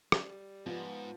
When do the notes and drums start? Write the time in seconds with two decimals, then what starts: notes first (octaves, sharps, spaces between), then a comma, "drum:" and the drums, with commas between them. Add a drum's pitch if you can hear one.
0.12 G3, drum: rim click
0.66 G#2 F3 B3